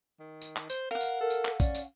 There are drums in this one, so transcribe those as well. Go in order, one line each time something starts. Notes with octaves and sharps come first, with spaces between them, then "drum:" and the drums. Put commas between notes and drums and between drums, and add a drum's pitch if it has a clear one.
D#3
drum: tambourine
drum: clap
C5, drum: tambourine
A#4 F5 F#5
drum: tambourine
A4 A#4
drum: tambourine
drum: clap
C#4 D5, drum: kick, tambourine
drum: tambourine